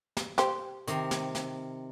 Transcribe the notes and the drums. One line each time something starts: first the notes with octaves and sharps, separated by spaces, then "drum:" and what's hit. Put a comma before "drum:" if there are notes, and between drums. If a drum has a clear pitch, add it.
drum: snare
G4 C5, drum: snare
C3 D#3, drum: hi-hat
drum: snare
drum: snare